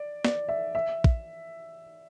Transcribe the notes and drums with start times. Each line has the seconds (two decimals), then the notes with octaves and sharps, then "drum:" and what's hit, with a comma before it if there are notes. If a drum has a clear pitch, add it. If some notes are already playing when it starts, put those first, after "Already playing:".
Already playing: D5
0.25 D5, drum: snare
0.49 E5
0.75 E5
1.04 drum: kick